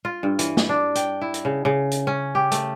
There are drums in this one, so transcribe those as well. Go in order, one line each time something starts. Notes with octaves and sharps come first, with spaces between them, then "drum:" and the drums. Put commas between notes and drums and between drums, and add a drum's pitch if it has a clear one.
F4
G2
E3, drum: hi-hat
drum: snare
D4
G5, drum: hi-hat
E4
drum: hi-hat
C#3
C#3
drum: hi-hat
C#4
G4
A3, drum: hi-hat